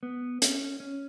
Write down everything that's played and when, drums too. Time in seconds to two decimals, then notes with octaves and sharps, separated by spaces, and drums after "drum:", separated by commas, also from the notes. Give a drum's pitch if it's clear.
0.03 B3
0.42 C#4, drum: hi-hat
0.80 C#4